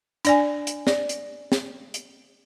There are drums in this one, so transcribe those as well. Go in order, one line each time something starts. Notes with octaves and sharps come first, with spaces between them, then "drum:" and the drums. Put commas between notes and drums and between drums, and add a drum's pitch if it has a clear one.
D4 D5 G#5, drum: hi-hat
drum: hi-hat
D5, drum: snare
drum: hi-hat
drum: snare
drum: hi-hat